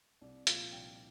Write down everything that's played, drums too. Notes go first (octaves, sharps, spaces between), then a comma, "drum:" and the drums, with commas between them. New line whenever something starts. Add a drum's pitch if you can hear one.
C2 D5
A#2 F3 F5, drum: hi-hat
C2 G5